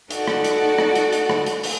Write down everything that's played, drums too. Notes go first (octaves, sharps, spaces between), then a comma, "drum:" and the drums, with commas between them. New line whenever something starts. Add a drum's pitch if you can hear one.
D#4 F#4 A4 D5 F#5, drum: hi-hat
drum: rim click
drum: hi-hat
drum: rim click
drum: hi-hat
drum: hi-hat
drum: rim click
drum: hi-hat
drum: open hi-hat